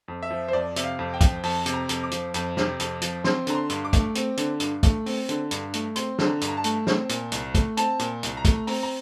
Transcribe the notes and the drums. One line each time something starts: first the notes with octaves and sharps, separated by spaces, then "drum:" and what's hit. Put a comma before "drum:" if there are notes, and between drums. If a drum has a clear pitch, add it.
F2
E5
F3
C5
F2 D5
C3 E5, drum: hi-hat
F5
F2
G5
F3, drum: kick, hi-hat
F2 A5, drum: open hi-hat
C3, drum: hi-hat
A#5
F2, drum: hi-hat
D6
F3, drum: hi-hat
F2, drum: hi-hat
C3, drum: snare
F2, drum: hi-hat
F3, drum: hi-hat
C4 C6, drum: snare
D3 A#5, drum: hi-hat
C6
G2, drum: hi-hat
D6
A3, drum: kick, hi-hat
C4, drum: hi-hat
D3, drum: hi-hat
G2, drum: hi-hat
A3, drum: kick, hi-hat
C4, drum: open hi-hat
D3, drum: hi-hat
G2, drum: hi-hat
A3, drum: hi-hat
C4 C6, drum: hi-hat
D3, drum: snare
A#5
G2, drum: hi-hat
A#5
A5
A3, drum: hi-hat
C4, drum: snare
A#2, drum: hi-hat
C2, drum: hi-hat
A3, drum: kick, hi-hat
C4 A5, drum: hi-hat
A#2, drum: hi-hat
C2, drum: hi-hat
A#5
A3, drum: kick, hi-hat
C4 A#5, drum: open hi-hat
A#5